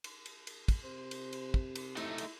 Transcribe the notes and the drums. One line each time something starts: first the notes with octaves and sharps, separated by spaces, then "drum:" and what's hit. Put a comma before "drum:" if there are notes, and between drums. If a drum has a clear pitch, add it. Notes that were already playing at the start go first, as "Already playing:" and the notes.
drum: cymbal
drum: cymbal
drum: cymbal
drum: kick, cymbal
C3 C5
drum: cymbal
drum: cymbal
drum: kick
drum: cymbal
A3 D#4 E4, drum: cymbal
drum: cymbal